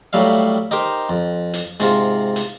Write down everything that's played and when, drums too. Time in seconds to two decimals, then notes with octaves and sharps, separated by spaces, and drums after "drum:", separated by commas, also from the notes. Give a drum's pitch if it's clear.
0.13 A2 F#3 G3 E5 F5
0.71 D#4 G4 A#4 C5
1.09 F2
1.54 drum: hi-hat
1.80 G#2 C3 F4, drum: hi-hat
2.36 drum: hi-hat